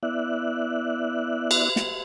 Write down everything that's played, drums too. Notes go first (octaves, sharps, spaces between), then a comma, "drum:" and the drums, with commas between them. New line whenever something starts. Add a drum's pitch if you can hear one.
B3 E4 D5 E5 F#6
drum: cymbal
drum: snare